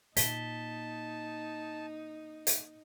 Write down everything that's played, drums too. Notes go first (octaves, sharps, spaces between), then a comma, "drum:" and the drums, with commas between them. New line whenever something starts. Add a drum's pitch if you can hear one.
A#2 D#4 A5 B6 G7, drum: hi-hat
drum: hi-hat